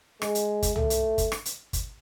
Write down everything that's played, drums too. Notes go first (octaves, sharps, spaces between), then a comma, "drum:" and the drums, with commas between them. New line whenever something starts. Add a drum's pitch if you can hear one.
G#3, drum: rim click
drum: hi-hat
drum: kick, hi-hat
A3, drum: tom
drum: hi-hat
drum: kick, hi-hat
drum: rim click
drum: hi-hat
drum: kick, hi-hat